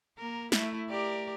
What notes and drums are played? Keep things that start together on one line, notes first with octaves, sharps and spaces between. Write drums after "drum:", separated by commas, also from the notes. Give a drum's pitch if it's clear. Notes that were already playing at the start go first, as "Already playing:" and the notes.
A#3 A#4
A3 E4, drum: snare
G4 A#4 D5